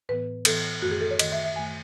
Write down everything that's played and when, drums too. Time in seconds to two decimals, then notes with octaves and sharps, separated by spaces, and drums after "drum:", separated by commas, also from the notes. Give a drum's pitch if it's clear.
0.09 A2 E3 B3 B4
0.45 A2 E3 B3 A4, drum: cymbal
0.82 F#2 D#3 A3 F#4
0.91 G#4
1.01 A4
1.11 C#5
1.19 F#2 D#3 A3 D#5, drum: cymbal
1.32 E5
1.44 E5
1.56 F#2 D#3 A3 G#5